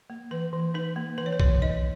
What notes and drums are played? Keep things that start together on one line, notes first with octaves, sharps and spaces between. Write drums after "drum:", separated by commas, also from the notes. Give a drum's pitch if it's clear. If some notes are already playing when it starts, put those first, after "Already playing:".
A#3
E3 B4
E3
D#4 B4
A#3
E3 B4
C#5
B4
E3 C#5, drum: kick B1
D#4 D#5